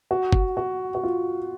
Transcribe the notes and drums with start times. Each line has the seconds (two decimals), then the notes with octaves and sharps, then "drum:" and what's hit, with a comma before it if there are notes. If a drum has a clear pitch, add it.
0.11 F#4
0.33 drum: kick
0.57 F#4
0.95 F#4
1.03 F4